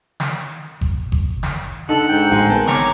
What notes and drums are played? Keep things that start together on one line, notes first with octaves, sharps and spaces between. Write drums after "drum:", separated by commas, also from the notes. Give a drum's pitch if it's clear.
drum: snare
drum: kick G1
drum: kick G1
drum: snare
D3 D#4 A4 F#5
G#2 G5
A1 A2 G#3 G#5
B3 C4 A#4 G#5 A5
C#5 A#5 C#6 D6, drum: snare